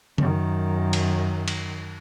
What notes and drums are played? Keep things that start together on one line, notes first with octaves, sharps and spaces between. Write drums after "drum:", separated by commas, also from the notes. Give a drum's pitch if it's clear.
F#2 D#3, drum: tom C#3
drum: cymbal
drum: cymbal